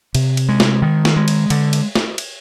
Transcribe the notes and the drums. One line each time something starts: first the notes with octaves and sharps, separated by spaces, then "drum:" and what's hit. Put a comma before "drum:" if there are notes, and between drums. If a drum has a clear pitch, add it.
C3, drum: cymbal
drum: cymbal
G#3
drum: snare
D#3
drum: snare
G#3
drum: cymbal
D3, drum: cymbal
drum: cymbal
drum: snare
drum: cymbal